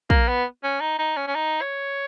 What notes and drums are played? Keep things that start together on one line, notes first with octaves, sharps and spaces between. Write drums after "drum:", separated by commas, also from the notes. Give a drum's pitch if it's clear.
A#3, drum: kick
B3
C#4
D#4
D#4
C#4
C#4
D#4
C#5